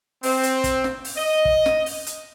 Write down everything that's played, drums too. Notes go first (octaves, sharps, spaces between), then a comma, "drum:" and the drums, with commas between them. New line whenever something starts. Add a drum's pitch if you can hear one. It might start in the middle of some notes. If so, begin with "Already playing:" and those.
C4, drum: open hi-hat
drum: hi-hat
drum: kick, hi-hat
drum: snare
drum: open hi-hat
D#5
drum: kick
drum: snare
drum: open hi-hat
drum: hi-hat